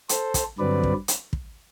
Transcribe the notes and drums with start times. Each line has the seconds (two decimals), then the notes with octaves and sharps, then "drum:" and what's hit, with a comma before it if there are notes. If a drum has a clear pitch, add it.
0.09 A4 C5, drum: hi-hat
0.34 drum: kick, hi-hat
0.59 G2 D3 F#3 C4 B4 D5
0.83 drum: kick
1.08 drum: hi-hat
1.33 drum: kick